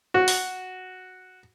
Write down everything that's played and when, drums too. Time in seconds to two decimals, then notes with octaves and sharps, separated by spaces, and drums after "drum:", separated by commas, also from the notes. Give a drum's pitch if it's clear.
0.14 F#4
0.28 drum: open hi-hat